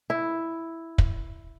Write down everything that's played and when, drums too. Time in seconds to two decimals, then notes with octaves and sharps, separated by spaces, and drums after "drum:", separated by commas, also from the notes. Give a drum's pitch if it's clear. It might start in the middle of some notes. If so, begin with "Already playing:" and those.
0.10 E4
0.98 drum: kick